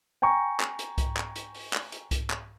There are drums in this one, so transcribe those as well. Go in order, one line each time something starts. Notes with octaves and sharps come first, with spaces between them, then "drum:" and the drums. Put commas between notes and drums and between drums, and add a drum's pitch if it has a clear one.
G5 G#5 A#5 C#6
drum: clap
drum: hi-hat
drum: kick C2, hi-hat
drum: clap
drum: hi-hat
drum: open hi-hat
drum: clap
drum: hi-hat
drum: kick C2, hi-hat
drum: clap